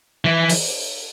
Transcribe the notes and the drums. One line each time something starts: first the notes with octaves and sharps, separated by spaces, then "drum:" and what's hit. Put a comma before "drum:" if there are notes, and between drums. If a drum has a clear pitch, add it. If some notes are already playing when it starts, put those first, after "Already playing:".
E3
drum: open hi-hat